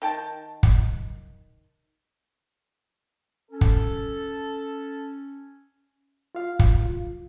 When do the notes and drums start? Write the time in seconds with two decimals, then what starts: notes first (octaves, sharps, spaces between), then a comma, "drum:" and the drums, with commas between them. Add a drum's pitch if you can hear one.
0.02 D#3 G5 A5
0.63 drum: kick
3.52 C#4 A4
3.61 drum: kick
6.35 F4 F5
6.59 drum: kick
6.81 F4